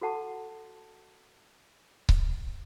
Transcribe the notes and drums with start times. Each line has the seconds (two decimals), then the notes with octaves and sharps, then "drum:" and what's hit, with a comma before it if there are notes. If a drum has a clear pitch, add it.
0.02 F#4 A4 F#5 A5 C#6
2.09 drum: kick C#1